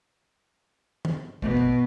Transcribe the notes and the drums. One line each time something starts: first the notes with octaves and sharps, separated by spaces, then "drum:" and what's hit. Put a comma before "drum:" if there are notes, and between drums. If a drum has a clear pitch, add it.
drum: tom
B2, drum: kick
drum: kick